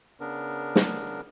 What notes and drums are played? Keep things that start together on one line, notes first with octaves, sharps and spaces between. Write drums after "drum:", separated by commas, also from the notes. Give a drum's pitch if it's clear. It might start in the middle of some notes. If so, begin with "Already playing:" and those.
C#3 B3 D4 A#4
drum: snare